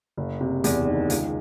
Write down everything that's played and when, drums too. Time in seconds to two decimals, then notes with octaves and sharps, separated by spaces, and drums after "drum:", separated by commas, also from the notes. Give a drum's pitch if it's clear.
0.17 F#1
0.41 C3
0.64 E2, drum: hi-hat
0.87 D#3
1.10 C#2, drum: hi-hat